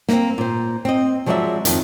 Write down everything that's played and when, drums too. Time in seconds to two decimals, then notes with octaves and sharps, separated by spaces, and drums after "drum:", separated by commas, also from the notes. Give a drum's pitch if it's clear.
0.09 A#3 C4, drum: snare
0.38 A#2 C5
0.85 C4 D#5
1.26 F3 F#3 G#3 C5 D5 E5
1.65 F2 D#3, drum: hi-hat